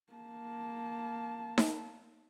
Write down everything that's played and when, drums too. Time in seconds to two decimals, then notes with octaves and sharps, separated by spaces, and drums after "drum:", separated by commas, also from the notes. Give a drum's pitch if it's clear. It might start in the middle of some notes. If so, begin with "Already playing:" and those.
0.13 A#3 A5
1.58 drum: snare D#4